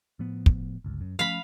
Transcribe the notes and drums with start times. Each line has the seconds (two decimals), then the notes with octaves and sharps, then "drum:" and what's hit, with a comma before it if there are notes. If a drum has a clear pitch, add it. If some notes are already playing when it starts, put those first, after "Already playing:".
0.19 A2 F3 B3
0.46 drum: kick
0.84 G1 C#2
1.01 F#2
1.19 F3 A3 C#4 F5 B5